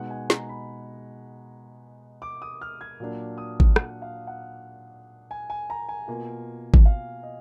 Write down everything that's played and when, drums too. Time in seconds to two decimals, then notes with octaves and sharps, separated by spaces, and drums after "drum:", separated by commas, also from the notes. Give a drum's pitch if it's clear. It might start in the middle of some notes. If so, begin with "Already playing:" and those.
Already playing: B2 G#3 D#4 F#5
0.10 G#5
0.30 A#5, drum: snare
0.49 B5
2.22 D6
2.42 D#6
2.61 F6
2.81 G#6
3.00 A#2 F#3 A#3 D4
3.38 D#6
3.60 drum: kick G#1
3.76 F#5, drum: rim click
4.02 F5
4.27 F#5
5.31 G#5
5.50 G#5
5.70 A#5
5.89 G#5
6.07 B2 A#3 F4
6.74 drum: kick G#1
6.85 F5
7.23 D#5